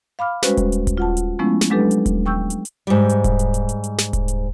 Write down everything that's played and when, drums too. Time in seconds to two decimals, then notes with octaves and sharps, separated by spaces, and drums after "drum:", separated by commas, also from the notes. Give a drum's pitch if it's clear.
0.19 F5 B5 D6 F6
0.43 G3 G#3 C#4 F#4 B4 C5, drum: snare
0.57 drum: kick D#1, hi-hat
0.72 drum: hi-hat
0.87 drum: kick D#1, hi-hat
0.97 F4 F#5 A5
1.17 drum: hi-hat
1.39 F3 G#3 A3 B3 C#4 E4
1.61 drum: snare
1.70 F#3 G#3 D4 G4 A4 B4
1.91 drum: hi-hat
2.06 drum: kick D#1, hi-hat
2.26 G5 C#6 E6 G6
2.50 drum: hi-hat
2.65 drum: hi-hat
2.87 G#2 G3
3.09 drum: hi-hat
3.24 drum: kick D#1, hi-hat
3.39 drum: hi-hat
3.54 drum: hi-hat
3.69 drum: hi-hat
3.84 drum: hi-hat
3.98 drum: snare
4.13 drum: kick D#1, hi-hat
4.28 drum: hi-hat